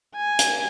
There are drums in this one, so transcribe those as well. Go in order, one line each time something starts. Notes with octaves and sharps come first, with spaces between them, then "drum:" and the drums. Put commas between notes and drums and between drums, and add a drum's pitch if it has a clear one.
G#5
drum: hi-hat